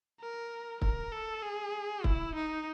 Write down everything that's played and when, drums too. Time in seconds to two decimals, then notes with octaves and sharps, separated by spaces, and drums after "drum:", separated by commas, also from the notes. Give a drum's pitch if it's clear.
0.21 A#4
0.82 A#4, drum: kick
1.12 A4
1.43 G#4
2.04 E4, drum: kick
2.35 D#4